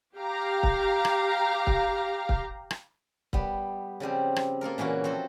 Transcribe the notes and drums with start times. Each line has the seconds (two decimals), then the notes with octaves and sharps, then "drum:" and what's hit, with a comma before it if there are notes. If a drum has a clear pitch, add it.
0.17 G4 F5 A#5
0.63 drum: kick C#1
1.05 drum: rim click
1.67 drum: kick C#1
2.29 drum: kick C#1
2.71 drum: rim click
3.33 G3 B3, drum: kick C#1
4.00 C#3 F3 G3 C4
4.36 drum: rim click
4.61 A#3 F4 A4 A#4
4.78 A#2 E3 C#4 F#4 F#5
5.04 F3 C4 F#4 A4